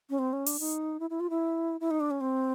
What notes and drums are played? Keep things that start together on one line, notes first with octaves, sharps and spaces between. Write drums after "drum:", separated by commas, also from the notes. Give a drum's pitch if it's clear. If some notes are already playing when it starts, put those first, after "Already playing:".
C#4
C4
C#4
D4, drum: open hi-hat
D#4
E4
E4
F4
E4
E4
D#4
D4
C#4
C4